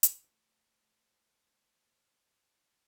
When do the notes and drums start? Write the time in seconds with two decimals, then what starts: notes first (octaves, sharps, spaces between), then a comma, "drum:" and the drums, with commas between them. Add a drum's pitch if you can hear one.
0.03 drum: hi-hat
0.23 A3 E4 C5 A5 C#6